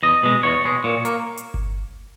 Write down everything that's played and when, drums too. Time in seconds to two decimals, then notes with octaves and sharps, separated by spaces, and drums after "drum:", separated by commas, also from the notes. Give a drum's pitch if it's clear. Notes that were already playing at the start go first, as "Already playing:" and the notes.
0.03 E2 D#5
0.23 B2 G#3
0.43 E2 C#5
0.64 B2 G#3
0.84 A#2
1.05 A#3, drum: hi-hat
1.37 drum: hi-hat
1.54 drum: kick G1